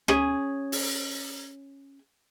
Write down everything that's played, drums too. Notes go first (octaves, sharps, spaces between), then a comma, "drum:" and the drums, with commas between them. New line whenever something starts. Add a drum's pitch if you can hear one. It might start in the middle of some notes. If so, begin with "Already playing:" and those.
C#4 G#4, drum: rim click
drum: open hi-hat